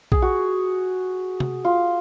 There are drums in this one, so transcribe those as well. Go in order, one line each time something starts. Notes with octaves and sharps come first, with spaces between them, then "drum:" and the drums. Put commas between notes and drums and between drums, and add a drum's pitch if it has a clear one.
G#4, drum: kick A#1
F#4
drum: tom C3
F4